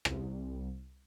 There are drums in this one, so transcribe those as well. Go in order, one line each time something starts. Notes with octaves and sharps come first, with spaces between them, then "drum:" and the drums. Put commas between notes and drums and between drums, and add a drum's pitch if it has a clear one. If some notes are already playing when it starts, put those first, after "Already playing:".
C2, drum: rim click